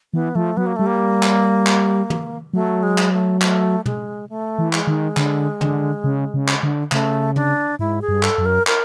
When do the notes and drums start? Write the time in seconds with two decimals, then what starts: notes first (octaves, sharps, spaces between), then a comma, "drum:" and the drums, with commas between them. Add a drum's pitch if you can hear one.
0.13 E3 B3
0.35 F3 A3
0.57 F#3 B3
0.66 A#3
0.76 G3 A3
0.86 A#3
1.23 drum: clap
1.66 drum: clap
2.10 drum: tom
2.54 F#3 A3
2.83 G#3
2.98 drum: clap
3.13 A3
3.41 A3, drum: clap
3.86 G#3, drum: tom
4.29 A3
4.59 E3
4.73 G#3, drum: clap
4.87 D#3
5.17 D3, drum: clap
5.61 D3, drum: tom
6.04 C#3
6.34 C#3
6.48 drum: clap
6.63 D3
6.92 C#3 A3, drum: clap
7.36 D4, drum: tom
7.79 G#2 E4
8.01 G#4
8.09 G2
8.23 A4, drum: clap
8.38 F#2
8.46 A#4
8.67 A#4, drum: clap